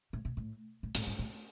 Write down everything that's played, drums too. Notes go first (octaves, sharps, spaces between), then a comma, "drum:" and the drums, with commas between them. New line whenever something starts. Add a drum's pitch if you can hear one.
A2
A#2
A2
A2
A2, drum: hi-hat
G#2
A2